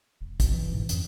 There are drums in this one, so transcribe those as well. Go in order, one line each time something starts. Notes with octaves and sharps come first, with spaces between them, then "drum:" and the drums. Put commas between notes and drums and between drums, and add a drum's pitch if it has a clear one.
E1
B2, drum: kick, hi-hat
E3
G#2
F2, drum: hi-hat